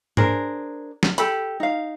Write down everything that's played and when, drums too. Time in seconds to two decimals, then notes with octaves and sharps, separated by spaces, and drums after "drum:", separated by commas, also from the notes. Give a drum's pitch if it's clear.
0.17 D4 G#4 A#4 C5, drum: tom G#2
1.03 drum: snare
1.18 G4 A4 B5, drum: hi-hat
1.60 D#4 F5